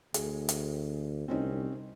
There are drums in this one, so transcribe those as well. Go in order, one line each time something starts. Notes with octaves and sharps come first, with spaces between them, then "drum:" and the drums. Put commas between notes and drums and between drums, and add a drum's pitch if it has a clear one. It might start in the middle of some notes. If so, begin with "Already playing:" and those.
D2 G#4, drum: hi-hat
drum: hi-hat
C2 C4 C#4 D#4